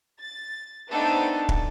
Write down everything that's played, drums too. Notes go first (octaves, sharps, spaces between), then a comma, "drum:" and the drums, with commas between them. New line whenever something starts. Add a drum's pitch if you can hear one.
A6
A3 B3 C4 D4 D#4 A4
drum: kick